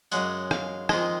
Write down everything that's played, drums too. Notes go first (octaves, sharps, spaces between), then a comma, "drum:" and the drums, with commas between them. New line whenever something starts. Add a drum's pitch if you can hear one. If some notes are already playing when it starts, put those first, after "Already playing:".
F#2 C#3 G#3 F#5, drum: tambourine
F5, drum: rim click
F2 D#3 G#3 D#5, drum: rim click